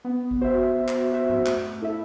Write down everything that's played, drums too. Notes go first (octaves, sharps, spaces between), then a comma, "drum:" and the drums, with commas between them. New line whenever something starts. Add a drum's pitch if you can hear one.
B3
drum: kick G#1
F#4 C5 E5
B3
drum: clap
F#4 C5 E5
drum: tom G#2
A3, drum: clap
E4 A4 E5